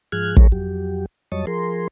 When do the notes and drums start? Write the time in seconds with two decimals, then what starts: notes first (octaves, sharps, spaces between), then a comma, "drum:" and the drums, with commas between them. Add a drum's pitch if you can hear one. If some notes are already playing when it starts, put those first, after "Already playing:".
0.12 G#2 F3 G#4 F6 F#6 G#6
0.37 F3 G#3 G#4 A#4 C#5, drum: kick
0.52 F2 F#3 G4
1.32 F2 F#3 G3 C#5 D#5 A5
1.47 F3 G#4 A#4 C6